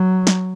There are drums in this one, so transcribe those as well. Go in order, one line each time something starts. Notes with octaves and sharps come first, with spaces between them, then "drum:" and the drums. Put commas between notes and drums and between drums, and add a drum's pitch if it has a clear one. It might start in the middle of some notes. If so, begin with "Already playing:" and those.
Already playing: F#3
drum: snare